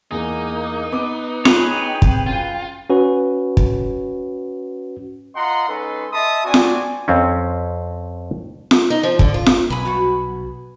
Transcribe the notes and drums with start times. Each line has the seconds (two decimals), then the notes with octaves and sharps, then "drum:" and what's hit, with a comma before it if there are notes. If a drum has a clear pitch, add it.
0.11 E2 G#3 A#3 D#4
0.92 B3 B4 D6
1.45 G#4 B4 C#5 G5, drum: snare F4
2.02 C3, drum: kick
2.27 F#2 F4
2.90 C#4 F#4 B4
3.57 drum: kick
5.36 F4 D#5 F#5 A#5 C6
5.68 G#3 C#4 D#4 A4 B4 C6
6.12 D#5 E5 A5 B5 C6 D#6
6.45 C4 D4 F#4 D5 G#5
6.54 drum: snare F4
7.08 F2 C4 C#4
8.71 drum: snare F4
8.90 D#4
9.03 F3
9.19 D3, drum: kick
9.34 F4
9.46 drum: snare F4
9.70 B1 B4 G#5 B5
9.85 B2 F#4